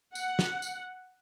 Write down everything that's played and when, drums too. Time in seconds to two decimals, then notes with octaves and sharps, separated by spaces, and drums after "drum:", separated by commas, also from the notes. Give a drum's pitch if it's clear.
0.15 F#5, drum: tambourine
0.39 drum: snare
0.62 drum: tambourine